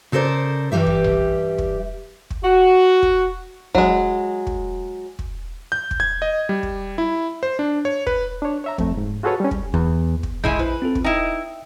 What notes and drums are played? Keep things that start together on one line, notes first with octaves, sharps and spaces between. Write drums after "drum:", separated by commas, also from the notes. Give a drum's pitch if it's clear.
C#3 A4 A#4 C5 D5
G2 E3 G3 G4 E5
drum: kick
drum: tom A#1
drum: kick
drum: kick
F#4
drum: kick
F#3 G#3, drum: kick
drum: kick
drum: kick
G6
drum: kick
G#6
D#5
G3
drum: kick
E4
C5
D4
C#5
B4, drum: kick
D4 C#5
C#5 E5 A#5
F2 A3, drum: kick
G#2
F4 F#4 G#4 A4 B4 C#5
G3 C#4
drum: kick
E2
drum: kick
G#3 E4 E5 G#5 G6, drum: tom A#1
E4 B4 C5
C4 F4 A4
drum: kick
D#4 E4 E5 G5